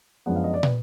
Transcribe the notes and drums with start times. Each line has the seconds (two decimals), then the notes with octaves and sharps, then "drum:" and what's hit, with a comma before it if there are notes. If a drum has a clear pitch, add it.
0.26 F#2 F3 G#3 B3 D4 F#5
0.36 F5
0.44 D#5
0.54 D5
0.63 B4, drum: tom